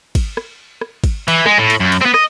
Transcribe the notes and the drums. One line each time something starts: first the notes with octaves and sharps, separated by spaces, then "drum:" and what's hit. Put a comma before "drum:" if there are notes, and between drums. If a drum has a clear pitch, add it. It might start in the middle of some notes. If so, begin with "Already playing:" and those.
drum: kick, cymbal
drum: rim click
drum: rim click
drum: kick, cymbal
E3, drum: cymbal
G#3, drum: rim click
A2
drum: cymbal
F#2
drum: cymbal
B3 C4
D#5, drum: rim click